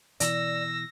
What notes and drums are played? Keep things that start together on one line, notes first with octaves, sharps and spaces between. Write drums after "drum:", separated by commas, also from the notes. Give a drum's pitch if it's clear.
B2 E3 D5 E6 A#6, drum: hi-hat